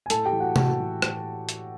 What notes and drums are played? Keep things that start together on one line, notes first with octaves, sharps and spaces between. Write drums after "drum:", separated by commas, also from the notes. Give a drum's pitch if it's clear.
G#5
A2 A4 A5, drum: hi-hat
G4 G5
E3
F#4 F#5
A2 F#4 F#5, drum: tom C3
E3
drum: rim click
drum: hi-hat